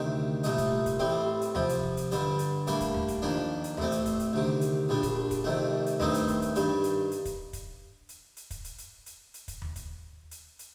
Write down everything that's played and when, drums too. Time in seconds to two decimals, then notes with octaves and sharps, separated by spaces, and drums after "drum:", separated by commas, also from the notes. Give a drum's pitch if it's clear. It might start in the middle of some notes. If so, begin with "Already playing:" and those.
Already playing: D2 C3 D#3
0.44 C2 A#2 A3 D#4, drum: hi-hat
0.58 drum: kick, hi-hat
0.86 drum: kick, hi-hat
0.99 A1 A2 G3 C4
1.41 drum: hi-hat
1.55 C2 C3 F3, drum: tom D#2
1.69 drum: hi-hat
1.83 drum: kick
1.97 drum: hi-hat
2.12 G2 D3 G3, drum: hi-hat
2.39 drum: hi-hat
2.67 A2 G3 A#3 D4, drum: hi-hat
2.80 drum: kick, hi-hat
2.94 drum: tom D#2
3.08 drum: kick, hi-hat
3.22 F2 D#3 A#3 D4
3.64 drum: hi-hat
3.77 A1 A2 A3 C4, drum: tom D#2
3.92 drum: hi-hat
4.06 drum: kick, hi-hat
4.19 drum: hi-hat
4.33 D2 C3 D#3
4.61 drum: hi-hat
4.89 A#1 A#2 G3 D4
5.03 drum: kick, hi-hat
5.31 drum: kick, hi-hat
5.44 F2 C3 D#3 A3
5.86 drum: hi-hat
6.00 G2 D#3 A3 C4 D#4, drum: tom D#2
6.14 drum: hi-hat
6.28 drum: kick, hi-hat
6.42 drum: hi-hat
6.56 G2 D#3 G3, drum: hi-hat
6.84 drum: hi-hat
7.11 drum: hi-hat
7.25 drum: kick, hi-hat
7.53 drum: kick, hi-hat
8.09 drum: hi-hat
8.37 drum: hi-hat
8.51 drum: kick, hi-hat
8.64 drum: hi-hat
8.78 drum: hi-hat
9.06 drum: hi-hat
9.34 drum: hi-hat
9.48 drum: kick, hi-hat
9.62 drum: tom D#2
9.76 drum: kick, hi-hat
10.31 drum: hi-hat
10.59 drum: hi-hat